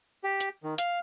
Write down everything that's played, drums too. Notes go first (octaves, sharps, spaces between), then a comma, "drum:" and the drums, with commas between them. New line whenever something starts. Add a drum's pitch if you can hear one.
G4
drum: hi-hat
D#3
F5, drum: hi-hat